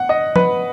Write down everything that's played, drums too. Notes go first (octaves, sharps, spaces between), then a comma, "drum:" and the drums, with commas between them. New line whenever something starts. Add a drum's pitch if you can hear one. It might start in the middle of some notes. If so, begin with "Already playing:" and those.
Already playing: F#5
D#5
B4, drum: tom F3